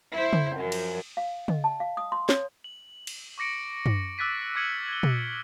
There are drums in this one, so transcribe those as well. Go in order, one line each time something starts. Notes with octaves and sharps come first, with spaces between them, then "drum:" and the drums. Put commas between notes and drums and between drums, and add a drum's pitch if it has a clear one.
E4 C5
drum: tom C#3
F#2 F3
drum: cymbal
F5
D#5, drum: tom C#3
A5
F5
D#6
C6
C#5, drum: snare
F#7
drum: cymbal
C#6 D6 A#6 C#7 D7
drum: tom
D6 E6 F#6 A6 B6 D#7
D6 F6 G#6 C#7 D#7 F#7
G#6 G7
drum: tom